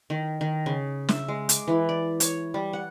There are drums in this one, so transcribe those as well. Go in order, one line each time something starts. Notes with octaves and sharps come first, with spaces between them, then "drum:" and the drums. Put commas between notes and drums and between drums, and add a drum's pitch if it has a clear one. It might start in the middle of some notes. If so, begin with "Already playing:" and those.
D#3
D#3
C#3
E5, drum: snare
G#3
D6, drum: hi-hat
E3
D5
C#5, drum: hi-hat
G3
F#5